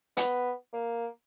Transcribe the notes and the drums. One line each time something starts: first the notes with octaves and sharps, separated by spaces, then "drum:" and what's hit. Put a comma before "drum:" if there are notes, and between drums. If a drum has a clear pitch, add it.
B3, drum: hi-hat
A#3